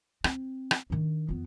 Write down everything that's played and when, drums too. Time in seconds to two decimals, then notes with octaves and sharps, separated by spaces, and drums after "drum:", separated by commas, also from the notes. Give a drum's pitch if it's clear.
0.24 C4, drum: rim click
0.71 drum: rim click
0.90 D#3 D4
1.29 F2 B3